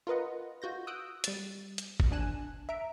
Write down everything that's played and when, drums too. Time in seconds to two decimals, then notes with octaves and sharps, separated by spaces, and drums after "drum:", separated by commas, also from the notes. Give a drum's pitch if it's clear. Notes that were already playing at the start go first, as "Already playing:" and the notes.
0.07 F4 A#4 B4 D#5 F#5
0.62 F4 F#4 G6 A#6
0.87 D#6 E6 F#6 G6 D7
1.24 G3 A6, drum: hi-hat
1.78 drum: hi-hat
2.00 drum: kick G#1
2.11 A#1 D4 G#5 F#6 E7
2.69 E5 A#5 D7